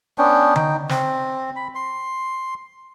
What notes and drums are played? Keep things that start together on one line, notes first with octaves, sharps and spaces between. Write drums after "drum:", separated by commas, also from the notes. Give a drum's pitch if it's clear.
B3 C#4 D4 G5
D#4 G5, drum: tom D3
C4, drum: snare
B5
C6